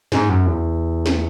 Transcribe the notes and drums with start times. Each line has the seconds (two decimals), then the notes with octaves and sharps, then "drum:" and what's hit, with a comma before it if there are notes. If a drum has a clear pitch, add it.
0.12 G#2, drum: snare
0.29 F#2
0.46 E2
1.06 drum: snare